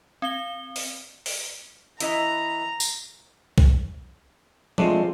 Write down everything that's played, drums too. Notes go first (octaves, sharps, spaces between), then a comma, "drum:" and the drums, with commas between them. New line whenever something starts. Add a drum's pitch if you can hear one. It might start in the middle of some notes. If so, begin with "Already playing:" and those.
C4 F5 G7
drum: open hi-hat
drum: open hi-hat
E3 E4 D#5 A#5, drum: hi-hat
drum: tambourine
drum: kick B1
G#3 A3 C4 D4 F4, drum: tom F3